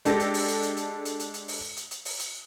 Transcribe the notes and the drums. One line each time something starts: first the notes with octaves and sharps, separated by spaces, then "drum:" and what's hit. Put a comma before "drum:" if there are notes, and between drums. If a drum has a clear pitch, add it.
G#3 D4 G4 A4 A#6, drum: hi-hat
drum: hi-hat
drum: open hi-hat
drum: hi-hat
drum: hi-hat
drum: hi-hat
drum: hi-hat
drum: hi-hat
drum: hi-hat
drum: open hi-hat
drum: hi-hat
drum: hi-hat
drum: open hi-hat
drum: hi-hat